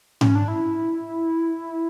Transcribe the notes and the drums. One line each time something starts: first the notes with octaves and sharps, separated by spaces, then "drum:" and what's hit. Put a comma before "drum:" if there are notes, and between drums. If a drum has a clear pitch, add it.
C#4, drum: tom G#2
D4
E4